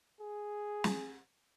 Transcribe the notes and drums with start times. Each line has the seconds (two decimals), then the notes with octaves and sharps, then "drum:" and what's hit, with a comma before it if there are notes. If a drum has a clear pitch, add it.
0.20 G#4
0.84 drum: snare